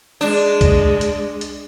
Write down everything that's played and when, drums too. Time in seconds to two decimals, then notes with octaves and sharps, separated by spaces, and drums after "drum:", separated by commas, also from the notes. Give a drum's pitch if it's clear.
0.21 G#3 D4
0.61 drum: kick C2, hi-hat
1.01 drum: hi-hat
1.41 drum: hi-hat